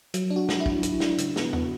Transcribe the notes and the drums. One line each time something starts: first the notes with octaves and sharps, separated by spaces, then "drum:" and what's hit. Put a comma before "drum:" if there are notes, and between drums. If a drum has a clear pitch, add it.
F#3, drum: hi-hat
D4
F#4
F#3, drum: snare
E4
F#3, drum: kick
F#3 E4, drum: hi-hat
D4, drum: snare
C#3, drum: hi-hat
B3, drum: snare
B3, drum: tom